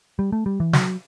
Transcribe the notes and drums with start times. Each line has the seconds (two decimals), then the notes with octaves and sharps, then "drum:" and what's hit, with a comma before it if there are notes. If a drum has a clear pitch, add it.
0.19 G3
0.32 A3
0.46 G3
0.60 E3
0.73 F#3, drum: snare